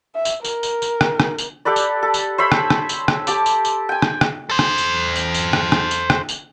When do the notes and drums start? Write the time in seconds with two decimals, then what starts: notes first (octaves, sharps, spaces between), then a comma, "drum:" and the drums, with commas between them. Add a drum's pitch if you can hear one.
0.15 E5
0.25 drum: tambourine
0.44 A#4, drum: tambourine
0.63 drum: tambourine
0.82 drum: tambourine
1.01 drum: rim click
1.20 drum: rim click
1.38 drum: tambourine
1.65 G4 A4 B4 D5
1.76 drum: tambourine
2.03 A4
2.14 drum: tambourine
2.38 C5 C#5 E5 B5
2.52 drum: rim click
2.70 drum: rim click
2.89 drum: tambourine
3.08 drum: rim click
3.27 G4 A5 D6, drum: tambourine
3.46 drum: tambourine
3.65 drum: tambourine
3.89 G5 G#5
4.02 drum: rim click
4.21 drum: rim click
4.50 A4 C5
4.59 drum: rim click
4.78 drum: tambourine
5.16 drum: tambourine
5.34 drum: tambourine
5.53 drum: rim click
5.72 drum: rim click
5.91 drum: tambourine
6.10 drum: rim click
6.29 drum: tambourine